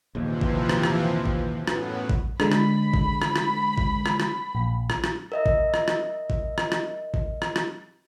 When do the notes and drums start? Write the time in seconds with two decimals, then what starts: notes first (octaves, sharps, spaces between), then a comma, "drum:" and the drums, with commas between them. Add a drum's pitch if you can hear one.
0.15 A#1 D#2 C3 E3 F3
0.41 drum: kick
0.69 drum: rim click
0.83 drum: rim click
1.25 drum: kick
1.57 F#2 A2 B3
1.67 drum: rim click
2.10 drum: kick
2.40 D3 G#3 B5, drum: rim click
2.52 drum: rim click
2.94 drum: kick
3.22 drum: rim click
3.36 drum: rim click
3.78 drum: kick
4.06 drum: rim click
4.20 drum: rim click
4.55 A#1
4.90 drum: rim click
5.04 drum: rim click
5.32 A#4 D#5 E5
5.46 drum: kick
5.74 drum: rim click
5.88 drum: rim click
6.30 drum: kick
6.58 drum: rim click
6.72 drum: rim click
7.14 drum: kick
7.42 drum: rim click
7.56 drum: rim click